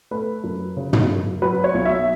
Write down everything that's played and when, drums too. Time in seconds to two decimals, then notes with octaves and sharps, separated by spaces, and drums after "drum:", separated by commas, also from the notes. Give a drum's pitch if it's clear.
0.11 A3 B4
0.44 F#2
0.77 C#3
0.93 drum: tom
1.09 F#2
1.42 F#3 B4
1.64 C#5
1.74 B1
1.85 E5